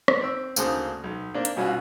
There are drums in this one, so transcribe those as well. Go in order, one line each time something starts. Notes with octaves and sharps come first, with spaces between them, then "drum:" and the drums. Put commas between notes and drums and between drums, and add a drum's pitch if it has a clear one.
drum: rim click
C4 E6
D2 C#3 A#3 C5 A5 D#6, drum: tambourine
B1
A#3 C4 D4
drum: hi-hat
C2 B2 C#4 F4 F#4